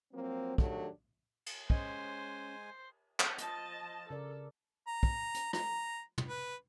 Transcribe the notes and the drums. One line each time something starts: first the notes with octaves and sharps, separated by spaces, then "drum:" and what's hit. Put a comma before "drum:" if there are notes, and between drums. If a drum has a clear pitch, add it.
F3 F#3 A#3 C4
D#3 F#3 A3 D4 G4 A4, drum: kick
drum: cymbal
G#3 C#4 C5 D#5 G#5, drum: kick
drum: clap
F3 D#5 A5, drum: hi-hat
C#3 A4 A#4 D5
A#5
drum: kick
drum: hi-hat
A#5, drum: rim click
drum: tom
B4